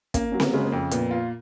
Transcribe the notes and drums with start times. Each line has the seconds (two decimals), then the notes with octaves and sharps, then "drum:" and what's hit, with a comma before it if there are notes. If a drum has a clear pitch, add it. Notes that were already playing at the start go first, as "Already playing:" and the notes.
0.14 A#3 C#4, drum: kick, hi-hat
0.32 F#3 C#4
0.40 B3, drum: snare C4
0.53 C#3 G#3
0.66 A#3
0.72 F2
0.91 A#2 B3, drum: hi-hat
1.11 F4